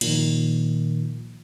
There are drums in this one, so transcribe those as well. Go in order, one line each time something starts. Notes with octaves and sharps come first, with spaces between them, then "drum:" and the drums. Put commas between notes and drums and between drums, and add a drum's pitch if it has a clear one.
A#2 D#3 F3, drum: cymbal